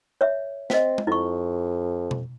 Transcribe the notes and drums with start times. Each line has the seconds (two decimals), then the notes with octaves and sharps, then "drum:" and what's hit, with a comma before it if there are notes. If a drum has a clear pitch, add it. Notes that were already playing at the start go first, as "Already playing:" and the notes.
0.21 C#5 E5
0.70 C4 D#5 F5, drum: snare
0.98 drum: tom G#3
1.07 F2 E4 C#6
2.11 drum: tom B2